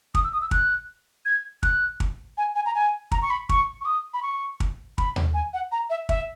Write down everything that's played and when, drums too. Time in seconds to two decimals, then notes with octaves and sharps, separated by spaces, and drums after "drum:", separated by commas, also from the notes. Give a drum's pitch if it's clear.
0.15 D#6, drum: kick
0.24 E6
0.33 D#6
0.42 E6
0.51 F#6, drum: kick
1.25 G#6
1.63 F#6, drum: kick
2.00 drum: kick
2.38 G#5
2.55 G#5
2.66 A#5
2.75 G#5
3.12 A#5, drum: kick
3.22 C#6
3.30 B5
3.49 C#6, drum: kick
3.81 C#6
3.85 D#6
4.14 B5
4.23 C#6
4.60 drum: kick
4.98 B5, drum: kick
5.16 drum: tom D#2
5.34 G#5
5.53 F#5
5.72 A#5
5.90 E5
6.09 E5, drum: kick